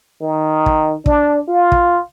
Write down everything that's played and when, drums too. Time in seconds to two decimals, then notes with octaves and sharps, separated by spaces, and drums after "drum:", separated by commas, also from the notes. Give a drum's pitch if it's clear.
0.21 D#3
0.66 drum: kick
1.06 D4, drum: kick
1.48 F4
1.72 drum: kick